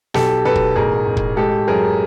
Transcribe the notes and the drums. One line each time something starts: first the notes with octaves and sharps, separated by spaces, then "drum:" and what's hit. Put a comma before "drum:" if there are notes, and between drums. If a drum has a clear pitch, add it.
B1 G4 A4, drum: snare
B1 A4 B4
drum: kick
A1 G#4 A#4
A1
drum: kick
G#3 G4 A4
F#2 G#4 A#4